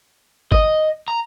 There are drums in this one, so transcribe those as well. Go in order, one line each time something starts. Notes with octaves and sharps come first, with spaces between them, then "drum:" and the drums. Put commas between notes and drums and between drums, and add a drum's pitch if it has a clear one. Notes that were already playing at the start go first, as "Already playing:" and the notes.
D#5, drum: kick G1
A#5